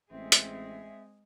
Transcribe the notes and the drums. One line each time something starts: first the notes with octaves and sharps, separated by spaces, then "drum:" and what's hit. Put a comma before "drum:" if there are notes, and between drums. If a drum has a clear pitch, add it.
A1 G#3 C4 G#4 E5
drum: hi-hat